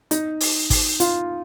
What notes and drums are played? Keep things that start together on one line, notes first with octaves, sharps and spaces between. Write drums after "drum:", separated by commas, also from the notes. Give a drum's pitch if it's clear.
D#4, drum: hi-hat
drum: open hi-hat
drum: kick, open hi-hat
F4, drum: hi-hat